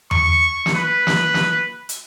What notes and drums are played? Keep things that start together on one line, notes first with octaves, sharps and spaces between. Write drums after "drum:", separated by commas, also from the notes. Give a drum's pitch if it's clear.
C#6, drum: tom E2
drum: snare
B4
drum: snare
drum: snare
drum: hi-hat